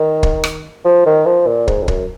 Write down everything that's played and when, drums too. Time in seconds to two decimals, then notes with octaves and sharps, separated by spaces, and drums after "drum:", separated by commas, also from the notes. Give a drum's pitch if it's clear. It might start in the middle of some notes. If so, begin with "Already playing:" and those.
Already playing: D#3
0.23 drum: kick
0.44 drum: rim click
0.85 F3
1.06 D#3
1.26 F3
1.47 A#2
1.68 G#2, drum: kick
1.83 F2
1.88 F#2, drum: kick